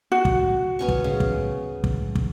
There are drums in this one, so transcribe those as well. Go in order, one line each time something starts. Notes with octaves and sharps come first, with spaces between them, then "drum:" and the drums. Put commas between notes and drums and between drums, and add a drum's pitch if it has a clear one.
F#4
drum: kick
B3 C#4 C#6
drum: kick
C#3
drum: kick
drum: kick
drum: kick